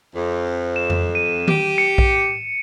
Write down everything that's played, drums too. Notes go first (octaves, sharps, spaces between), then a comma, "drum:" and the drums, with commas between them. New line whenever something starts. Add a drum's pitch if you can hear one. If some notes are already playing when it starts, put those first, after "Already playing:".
F2
E7
drum: tom F2
D#7
G4, drum: tom D#3
C#7
drum: kick A#1